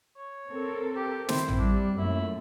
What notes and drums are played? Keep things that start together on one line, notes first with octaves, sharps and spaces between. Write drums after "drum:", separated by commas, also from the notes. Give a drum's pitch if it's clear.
C#5
C4 A4 A#4
G4
D#3 C4 E4 C5, drum: snare
drum: tom A1
G3 D4
F#2 A#2 A3 E4